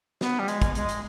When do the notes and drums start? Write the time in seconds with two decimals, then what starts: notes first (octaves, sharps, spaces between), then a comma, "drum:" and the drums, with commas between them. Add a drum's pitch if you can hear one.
0.21 B3, drum: snare
0.39 G3
0.48 G#3, drum: hi-hat
0.62 drum: kick, hi-hat
0.75 G#3, drum: hi-hat
0.89 drum: hi-hat